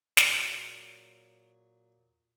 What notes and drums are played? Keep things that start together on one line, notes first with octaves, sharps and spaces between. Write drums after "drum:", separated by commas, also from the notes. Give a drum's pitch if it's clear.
A#2 F#3 G#4 C#5, drum: snare